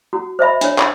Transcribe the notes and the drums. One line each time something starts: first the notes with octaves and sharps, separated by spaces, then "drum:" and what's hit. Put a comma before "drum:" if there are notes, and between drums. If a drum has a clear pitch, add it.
F#4
C5 D#5 E5 B5
D4 C#5, drum: hi-hat
drum: clap